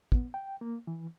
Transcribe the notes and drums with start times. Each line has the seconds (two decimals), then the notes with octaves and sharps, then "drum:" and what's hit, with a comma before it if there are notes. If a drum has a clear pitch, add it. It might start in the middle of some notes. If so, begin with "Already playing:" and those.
0.12 B3, drum: kick
0.34 G5
0.61 A#3
0.87 E3